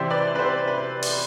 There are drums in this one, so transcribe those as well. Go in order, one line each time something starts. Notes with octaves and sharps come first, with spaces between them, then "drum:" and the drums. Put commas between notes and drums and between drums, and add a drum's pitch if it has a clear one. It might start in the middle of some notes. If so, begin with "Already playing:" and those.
Already playing: C2 C3 E3 C5 D5 E5 G5
B4 D5
B4
C5
B4
drum: open hi-hat